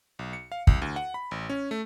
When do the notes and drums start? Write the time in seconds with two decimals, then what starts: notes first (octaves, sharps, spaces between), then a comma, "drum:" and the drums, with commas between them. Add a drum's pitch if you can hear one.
0.19 B1
0.33 C#7
0.52 F5
0.67 C2, drum: kick
0.82 D2
0.96 F#5
1.14 B5
1.31 A1
1.49 C#4
1.71 A3